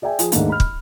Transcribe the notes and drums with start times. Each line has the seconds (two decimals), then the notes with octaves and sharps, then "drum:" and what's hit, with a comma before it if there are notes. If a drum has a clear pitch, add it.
0.02 G#4 D5 E5 G5 G#5
0.19 F3 G#4, drum: hi-hat
0.32 D#2 G#2 D#3 A3 A#3 D4, drum: hi-hat
0.50 B5 F6
0.60 drum: kick